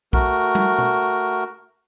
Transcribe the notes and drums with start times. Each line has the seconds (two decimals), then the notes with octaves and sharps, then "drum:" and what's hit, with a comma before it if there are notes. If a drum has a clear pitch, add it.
0.13 A3 F#4 A#4, drum: kick
0.55 drum: tom G3
0.79 drum: tom B2